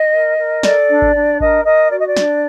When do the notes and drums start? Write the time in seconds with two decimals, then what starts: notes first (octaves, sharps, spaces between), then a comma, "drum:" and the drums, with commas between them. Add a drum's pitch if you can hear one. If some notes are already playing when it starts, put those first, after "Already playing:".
Already playing: D#5
0.12 A#4
0.38 A#4
0.63 A4 D5, drum: snare
0.90 D4
1.02 drum: kick G#1
1.15 D4
1.40 A#4 D#5, drum: kick G#1
1.65 A#4 D#5
1.90 F#4 D5
1.98 D#5
2.07 D5
2.17 D4, drum: snare